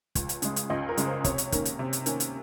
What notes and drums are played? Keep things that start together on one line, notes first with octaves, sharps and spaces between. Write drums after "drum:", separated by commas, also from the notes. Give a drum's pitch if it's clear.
C#2, drum: kick, hi-hat
drum: hi-hat
C#3 G#3, drum: hi-hat
drum: hi-hat
C#2 D#5
A#4
C#3 G#3, drum: hi-hat
C5
C3 C#5, drum: kick, hi-hat
drum: hi-hat
D#3 A#3 C#4, drum: kick, hi-hat
drum: hi-hat
C3
drum: hi-hat
D#3 A#3 C#4, drum: hi-hat
drum: hi-hat